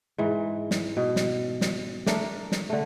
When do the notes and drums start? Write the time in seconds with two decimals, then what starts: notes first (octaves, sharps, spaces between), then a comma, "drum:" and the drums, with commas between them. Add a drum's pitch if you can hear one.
0.18 G#2 E3
0.71 drum: snare
0.97 B2
1.16 drum: snare
1.61 drum: snare
2.06 A3 D4 A4 A#4, drum: snare
2.52 drum: snare
2.70 D3 A3